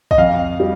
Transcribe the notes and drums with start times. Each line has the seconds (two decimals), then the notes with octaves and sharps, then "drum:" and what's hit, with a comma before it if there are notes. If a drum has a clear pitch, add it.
0.11 D#5, drum: kick
0.18 F2 F5
0.60 G3